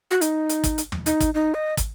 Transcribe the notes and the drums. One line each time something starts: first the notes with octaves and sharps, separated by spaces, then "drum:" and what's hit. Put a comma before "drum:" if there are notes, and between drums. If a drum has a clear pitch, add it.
F#4
D#4, drum: hi-hat
drum: hi-hat
drum: kick, hi-hat
drum: hi-hat
drum: tom
D#4, drum: hi-hat
drum: kick, hi-hat
D#4
D#5
drum: kick, hi-hat